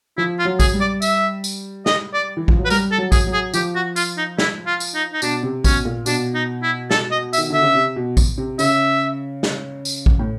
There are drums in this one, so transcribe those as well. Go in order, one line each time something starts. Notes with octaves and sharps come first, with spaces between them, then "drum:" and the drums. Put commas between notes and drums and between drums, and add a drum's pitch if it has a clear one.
F3 E4
F4
F#3
G#4, drum: kick A1, tambourine
G3
D5
E5, drum: tambourine
drum: tambourine
D#5, drum: snare
D5
E3
F3, drum: kick A1
F#3
B4
G3 A#4, drum: tambourine
A4
F#3
G#4, drum: kick A1, tambourine
F#3
G#4
F3 G4, drum: tambourine
F#4
F4, drum: tambourine
D#4
E4, drum: snare
F4
drum: tambourine
D#4
D#4
B2 D4, drum: tambourine
C3
B2 C#4, drum: kick A1, tambourine
A#2
B2 D4, drum: tambourine
D#4
E4
A4, drum: snare
D#5
E5, drum: tambourine
D#3
D3 E5
C#3
C3
B2
drum: kick A1, tambourine
C3
C#3 E5, drum: tambourine
drum: snare
drum: tambourine
drum: kick A1
A2